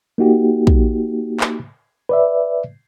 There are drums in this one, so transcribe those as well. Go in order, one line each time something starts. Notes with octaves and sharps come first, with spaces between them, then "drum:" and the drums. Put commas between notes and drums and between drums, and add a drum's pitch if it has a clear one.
A#3 D#4 F#4 G4
drum: kick
drum: clap
B4 D5 E5